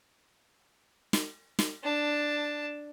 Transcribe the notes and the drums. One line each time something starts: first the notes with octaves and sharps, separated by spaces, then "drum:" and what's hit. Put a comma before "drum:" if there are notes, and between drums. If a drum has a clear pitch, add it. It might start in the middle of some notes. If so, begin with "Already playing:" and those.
drum: snare
drum: snare
D4 A5